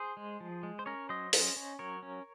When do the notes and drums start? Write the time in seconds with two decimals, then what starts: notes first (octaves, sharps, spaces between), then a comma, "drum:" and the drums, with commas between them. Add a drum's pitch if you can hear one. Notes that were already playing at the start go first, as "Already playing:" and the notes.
Already playing: G#4 C5
0.17 G#3
0.40 F3
0.63 G#3
0.79 C5
0.86 C#4 A#4 C#5
1.09 F#3 C5 D#5
1.33 C#4, drum: open hi-hat
1.56 C#4
1.79 F#3 A#4 C#5
2.03 C#4